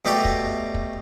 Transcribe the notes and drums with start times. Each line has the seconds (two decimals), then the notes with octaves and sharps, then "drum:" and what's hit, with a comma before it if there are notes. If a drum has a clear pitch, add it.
0.05 B2 A3 G4 B4 D5 A#5
0.25 drum: kick
0.74 drum: kick